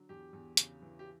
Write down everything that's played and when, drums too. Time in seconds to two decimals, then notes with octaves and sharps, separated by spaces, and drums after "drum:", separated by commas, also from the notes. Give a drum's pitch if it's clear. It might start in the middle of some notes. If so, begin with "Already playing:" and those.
Already playing: D3 F#3
0.09 E2 G4
0.33 E2
0.57 C#3, drum: hi-hat
0.82 E3
0.99 G4